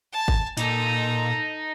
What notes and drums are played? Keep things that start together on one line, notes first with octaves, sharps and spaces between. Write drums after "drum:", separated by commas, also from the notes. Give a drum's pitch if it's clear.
G#5 A5
drum: kick G1
A#2 D#4 A4 A#5, drum: hi-hat